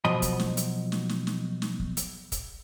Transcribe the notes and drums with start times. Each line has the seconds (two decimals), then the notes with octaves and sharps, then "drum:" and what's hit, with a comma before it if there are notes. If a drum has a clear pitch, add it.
0.05 B2 F3 F#3 D#5 B5
0.22 drum: kick, hi-hat
0.40 drum: snare
0.57 drum: hi-hat
0.92 drum: snare
1.09 drum: snare
1.27 drum: snare
1.62 drum: snare
1.79 drum: kick
1.97 drum: hi-hat
2.32 drum: kick, hi-hat